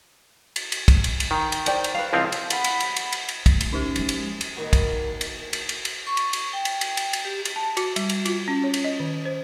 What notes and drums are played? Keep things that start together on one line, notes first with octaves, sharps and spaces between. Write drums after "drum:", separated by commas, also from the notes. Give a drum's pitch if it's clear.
drum: cymbal
drum: cymbal
drum: kick, cymbal
drum: cymbal
drum: cymbal
D#3
drum: cymbal
C5 D5 G5, drum: cymbal
drum: cymbal
B4 F5
C#2 F3 C4 E4 G#4 F5
drum: cymbal
F#5 B5, drum: cymbal
drum: cymbal
drum: cymbal
drum: cymbal
drum: cymbal
drum: cymbal
D2, drum: kick, cymbal
drum: cymbal
C#4 D#4 G4
F3 G#3, drum: cymbal
drum: cymbal
drum: cymbal
A#2 D#3 A#3 B3 F#4
drum: kick, cymbal
drum: cymbal
drum: cymbal
drum: cymbal
drum: cymbal
C#6
drum: cymbal
drum: cymbal
G5
drum: cymbal
drum: cymbal
drum: cymbal
drum: cymbal
G4
drum: cymbal
A5
F#4, drum: cymbal
G3, drum: cymbal
drum: cymbal
F4, drum: cymbal
C#4
C#5
drum: cymbal
D#5
D#3
C5